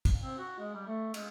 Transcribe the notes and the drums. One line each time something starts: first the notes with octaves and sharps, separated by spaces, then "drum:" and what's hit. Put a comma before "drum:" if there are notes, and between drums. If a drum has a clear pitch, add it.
drum: kick, cymbal
C4
F#4
G#3
G3
A3
G#3, drum: cymbal